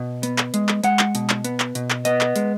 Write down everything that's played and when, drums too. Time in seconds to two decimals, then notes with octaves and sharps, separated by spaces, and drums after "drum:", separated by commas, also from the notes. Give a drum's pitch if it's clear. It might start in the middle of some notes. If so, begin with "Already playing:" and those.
Already playing: B2
0.23 B3, drum: hi-hat
0.38 drum: clap
0.54 G#3, drum: hi-hat
0.69 drum: clap
0.84 G#3 F#5, drum: hi-hat
0.99 drum: clap
1.15 B2, drum: hi-hat
1.30 drum: clap
1.44 B3, drum: hi-hat
1.60 drum: clap
1.75 B2, drum: hi-hat
1.90 drum: clap
2.05 B3 D#5, drum: hi-hat
2.21 drum: clap
2.36 G#3, drum: hi-hat